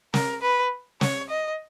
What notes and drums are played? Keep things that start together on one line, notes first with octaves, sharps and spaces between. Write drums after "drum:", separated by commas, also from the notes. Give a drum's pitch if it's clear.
A#4, drum: snare
B4
C#5, drum: snare
D#5